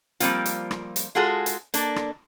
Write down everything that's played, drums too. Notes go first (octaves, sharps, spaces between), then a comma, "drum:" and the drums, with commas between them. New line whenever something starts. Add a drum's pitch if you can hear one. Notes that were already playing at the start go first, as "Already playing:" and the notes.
F3 G3 A3 A#3 C4 F4, drum: hi-hat
drum: hi-hat
drum: rim click
drum: hi-hat
G#3 F4 F#4 G#4 A4
drum: hi-hat
A#3 D4 A4, drum: hi-hat
drum: rim click